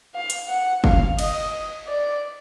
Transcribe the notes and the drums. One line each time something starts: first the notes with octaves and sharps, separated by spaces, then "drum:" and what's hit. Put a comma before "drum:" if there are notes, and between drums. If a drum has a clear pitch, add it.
F5
drum: hi-hat
F#5
F5, drum: kick F#1
D#5, drum: cymbal
D5